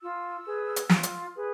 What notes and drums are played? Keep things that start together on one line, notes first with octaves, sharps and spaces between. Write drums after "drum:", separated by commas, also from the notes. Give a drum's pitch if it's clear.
F4 E6
G#4 B4
drum: hi-hat
F4, drum: snare
drum: hi-hat
G#4 B4